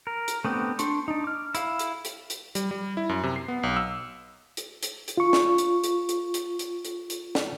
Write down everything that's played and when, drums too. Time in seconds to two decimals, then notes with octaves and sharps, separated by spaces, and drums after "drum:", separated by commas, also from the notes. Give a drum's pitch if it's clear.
0.07 A#4
0.28 drum: hi-hat
0.44 A3 B3 C4 D4 G4
0.79 D4 C6 C#6, drum: hi-hat
1.08 D4 D#4
1.24 D6 F6
1.55 E4 F5, drum: hi-hat
1.79 drum: hi-hat
2.05 drum: hi-hat
2.30 drum: hi-hat
2.55 G3, drum: hi-hat
2.71 G3
2.97 E4
3.09 F#2
3.23 C3
3.36 C7
3.48 B3
3.63 B1
3.76 E6
4.57 drum: hi-hat
4.83 drum: hi-hat
5.08 drum: hi-hat
5.17 F4 C#6
5.33 drum: snare
5.58 drum: hi-hat
5.84 drum: hi-hat
6.09 drum: hi-hat
6.34 drum: hi-hat
6.59 drum: hi-hat
6.85 drum: hi-hat
7.10 drum: hi-hat
7.35 drum: snare